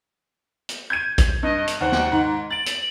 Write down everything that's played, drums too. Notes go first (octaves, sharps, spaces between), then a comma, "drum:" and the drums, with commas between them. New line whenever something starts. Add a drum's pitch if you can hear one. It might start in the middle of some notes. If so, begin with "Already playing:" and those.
drum: hi-hat
G6 G#6 D#7
drum: kick A#1, hi-hat
G2 D#5
drum: hi-hat
D#2 C5 F#5
drum: snare
G#2 D#3
A6 D7 F#7
drum: hi-hat